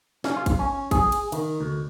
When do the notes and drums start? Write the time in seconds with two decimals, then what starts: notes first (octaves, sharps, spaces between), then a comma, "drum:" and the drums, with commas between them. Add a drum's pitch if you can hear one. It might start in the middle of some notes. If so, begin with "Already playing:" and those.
0.24 C#4, drum: snare
0.37 F4
0.46 drum: kick, cymbal
0.59 C#4
0.91 G#4, drum: kick, cymbal
1.12 drum: cymbal
1.32 D#3, drum: cymbal
1.60 D2